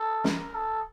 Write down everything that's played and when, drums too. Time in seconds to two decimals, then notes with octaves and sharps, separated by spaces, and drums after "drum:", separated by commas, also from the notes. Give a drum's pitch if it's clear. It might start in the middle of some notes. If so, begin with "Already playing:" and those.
Already playing: A4
0.24 A#4, drum: snare
0.54 A4